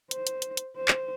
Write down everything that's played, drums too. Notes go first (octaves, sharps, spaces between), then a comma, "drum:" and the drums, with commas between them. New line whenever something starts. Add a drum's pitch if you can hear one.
C5, drum: hi-hat
drum: hi-hat
drum: hi-hat
drum: hi-hat
C5
drum: clap